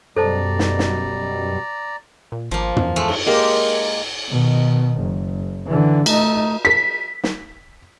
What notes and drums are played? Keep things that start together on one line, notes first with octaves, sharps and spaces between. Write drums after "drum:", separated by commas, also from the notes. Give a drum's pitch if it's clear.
F#2 B2 G3 A4 C5 D5 A5 A#5
drum: snare
drum: snare
A#2
G#1 F3 A#3
E2, drum: tom
F3 G#3 A3
drum: cymbal
G#3 A#3 G4 A#4
B2 D#3
F#1
D3 E3
A3 D#4, drum: cymbal
B6
drum: snare